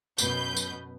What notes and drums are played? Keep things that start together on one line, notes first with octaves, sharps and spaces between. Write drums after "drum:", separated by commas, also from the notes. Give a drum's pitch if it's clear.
F#2 B2 B4 G6, drum: tambourine
drum: tambourine